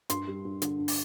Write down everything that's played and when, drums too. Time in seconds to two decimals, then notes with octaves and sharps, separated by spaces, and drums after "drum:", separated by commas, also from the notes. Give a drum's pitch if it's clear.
0.10 G2 C6, drum: hi-hat
0.28 G3
0.45 G2
0.62 D3, drum: hi-hat
0.79 G2
0.88 drum: open hi-hat